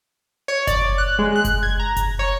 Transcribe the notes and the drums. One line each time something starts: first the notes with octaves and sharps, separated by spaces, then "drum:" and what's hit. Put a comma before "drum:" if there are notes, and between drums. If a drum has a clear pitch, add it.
C#5
D5, drum: kick F#1, hi-hat
F#6
G#3
F#6
drum: kick F#1, hi-hat
G#6
A#5
drum: kick F#1, hi-hat
C#5